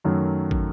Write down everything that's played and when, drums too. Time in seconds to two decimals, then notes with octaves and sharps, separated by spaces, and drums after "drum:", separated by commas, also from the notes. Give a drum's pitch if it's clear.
0.04 F#2 D#3 F#3 A3
0.51 drum: kick